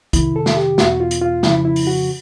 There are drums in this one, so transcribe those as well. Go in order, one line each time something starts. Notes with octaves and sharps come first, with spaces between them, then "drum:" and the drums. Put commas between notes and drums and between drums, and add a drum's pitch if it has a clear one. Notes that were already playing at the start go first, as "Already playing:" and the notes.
F2 C3 D#3 E4, drum: kick, hi-hat
A4
drum: snare
G4
E2 B2 F#4, drum: snare
F4
drum: hi-hat
F4
F2 C#3 F3 E4, drum: snare
E4
drum: open hi-hat
F#4